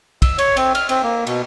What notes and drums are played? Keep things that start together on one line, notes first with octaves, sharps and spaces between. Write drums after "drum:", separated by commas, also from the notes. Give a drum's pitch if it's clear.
E6, drum: kick, cymbal
C#5, drum: cymbal
C4, drum: cymbal
F6, drum: cymbal
C4, drum: cymbal
A#3
B2, drum: cymbal